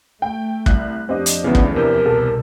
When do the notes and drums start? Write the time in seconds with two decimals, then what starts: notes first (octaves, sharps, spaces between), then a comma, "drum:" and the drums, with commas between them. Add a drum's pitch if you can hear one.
0.22 A3 G5
0.66 C2 F#6, drum: kick
1.09 F2 C4 D4 G4 D#5
1.26 drum: hi-hat
1.44 D2 C#3 E3 B3 E4
1.55 drum: kick
1.74 E2 C3 A#4 G6
2.06 C2 B2 A4